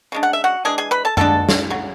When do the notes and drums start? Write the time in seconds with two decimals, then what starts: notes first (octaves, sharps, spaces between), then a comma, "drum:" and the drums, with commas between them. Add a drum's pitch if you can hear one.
0.12 C#3 G#3 D4
0.23 F#5
0.33 E5
0.44 F#4 F#5
0.65 E3 G#3 D4 G#4 G#5
0.78 G#4 G#5
0.91 B4 B5
1.05 A4 A5
1.17 D3 G#3 D4 A4 A5, drum: tom F#2
1.49 drum: snare
1.70 C#3 F#3